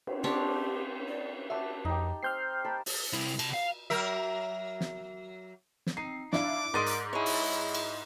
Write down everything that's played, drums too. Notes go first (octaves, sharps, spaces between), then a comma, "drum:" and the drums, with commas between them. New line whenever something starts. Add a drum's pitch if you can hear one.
drum: cymbal
C4 D4 G4 C#5
D5
F#4 E5 A5 D6
F2 D#4 G4
C4 F6 G6 C7
A#4 A5 B5
drum: open hi-hat
C2 E4
C3 A5, drum: cymbal
F5
F#3 A#4 E5
drum: snare
drum: snare
C4 D#4 C7
D4 E4 F5 D6, drum: snare
G#2 A#4 D5 D#5 C6
drum: hi-hat
E4 G#4 C#5 D#5
drum: open hi-hat
drum: cymbal